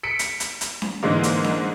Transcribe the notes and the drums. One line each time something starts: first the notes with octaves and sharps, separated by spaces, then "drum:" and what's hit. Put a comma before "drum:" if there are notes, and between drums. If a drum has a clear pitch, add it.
B6 C#7 D7
drum: hi-hat
drum: hi-hat
drum: hi-hat
drum: snare C#4
G#2 D3 E3 G#3 A#3
drum: hi-hat
drum: snare C#4